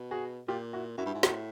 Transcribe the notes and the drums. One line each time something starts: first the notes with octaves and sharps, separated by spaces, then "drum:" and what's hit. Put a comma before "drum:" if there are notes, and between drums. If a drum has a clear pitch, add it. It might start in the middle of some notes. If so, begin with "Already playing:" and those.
Already playing: B2
F#4 G#4
A#2 F4 G4
E4 F#4
F#2 E4 F#4
G2
G#2
A2, drum: snare